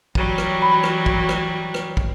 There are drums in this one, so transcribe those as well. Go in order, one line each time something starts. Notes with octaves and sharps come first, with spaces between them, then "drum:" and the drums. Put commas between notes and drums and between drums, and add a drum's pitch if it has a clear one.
E3 F#3 G3, drum: kick
drum: rim click
B5
drum: rim click
drum: kick
drum: rim click
drum: rim click
drum: kick